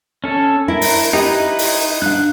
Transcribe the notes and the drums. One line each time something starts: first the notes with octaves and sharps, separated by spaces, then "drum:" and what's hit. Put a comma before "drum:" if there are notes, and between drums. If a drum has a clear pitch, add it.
C#4 A4
E4 A#4
drum: open hi-hat
D#4 E4 G4 B4
drum: open hi-hat
D4 F5 F#6